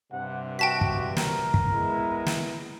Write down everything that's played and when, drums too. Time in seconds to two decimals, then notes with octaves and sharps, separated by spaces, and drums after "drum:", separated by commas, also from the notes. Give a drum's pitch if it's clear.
0.12 G2 C3 F#5
0.59 F#4 G5 A5 B6
0.81 drum: kick
1.17 A#4, drum: snare
1.54 drum: kick
1.72 G#3 B3 E4
2.26 drum: snare